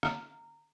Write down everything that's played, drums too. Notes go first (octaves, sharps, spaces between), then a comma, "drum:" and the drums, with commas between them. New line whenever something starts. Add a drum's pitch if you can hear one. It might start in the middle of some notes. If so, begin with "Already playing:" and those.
A#5, drum: rim click